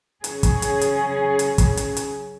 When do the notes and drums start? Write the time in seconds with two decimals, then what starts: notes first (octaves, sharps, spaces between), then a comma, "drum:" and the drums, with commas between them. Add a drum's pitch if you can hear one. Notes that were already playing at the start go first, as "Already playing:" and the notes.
0.24 C#3 F#3 C#4 G#4, drum: hi-hat
0.43 drum: kick, hi-hat
0.62 drum: hi-hat
0.81 drum: hi-hat
1.39 drum: hi-hat
1.58 drum: kick, hi-hat
1.77 drum: hi-hat
1.97 drum: hi-hat